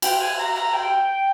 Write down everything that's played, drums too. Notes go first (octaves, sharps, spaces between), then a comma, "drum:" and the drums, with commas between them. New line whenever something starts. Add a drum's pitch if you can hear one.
G5, drum: cymbal
G#5
A#5
A#5
G5